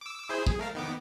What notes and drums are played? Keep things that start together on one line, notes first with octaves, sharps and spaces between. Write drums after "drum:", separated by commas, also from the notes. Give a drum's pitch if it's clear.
D6 E6
E4 G#4 C5
G#4, drum: kick
A3 A#4 F5
D#3 B3 D6